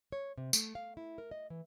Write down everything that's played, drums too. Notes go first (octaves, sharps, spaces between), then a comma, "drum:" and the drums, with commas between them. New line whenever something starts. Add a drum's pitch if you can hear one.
C#5
C3
A3, drum: tambourine
F5
E4
A#4
D#5
E3